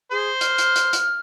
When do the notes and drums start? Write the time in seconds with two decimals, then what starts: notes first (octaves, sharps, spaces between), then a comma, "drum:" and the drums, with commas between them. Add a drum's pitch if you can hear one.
0.11 G#4 C5
0.41 F6, drum: hi-hat
0.58 drum: hi-hat
0.76 drum: hi-hat
0.93 drum: hi-hat